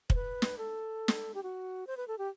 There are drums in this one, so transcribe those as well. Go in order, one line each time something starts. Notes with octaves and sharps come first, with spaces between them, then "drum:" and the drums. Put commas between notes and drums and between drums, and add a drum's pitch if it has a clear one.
C5, drum: kick
B4
drum: snare
A4
drum: snare
G4
F#4
C5
B4
A4
G4